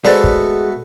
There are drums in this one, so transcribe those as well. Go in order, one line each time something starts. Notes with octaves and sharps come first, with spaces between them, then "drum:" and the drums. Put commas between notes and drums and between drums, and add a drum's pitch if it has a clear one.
G#3 A3 B3 F#4 C5 D5
drum: kick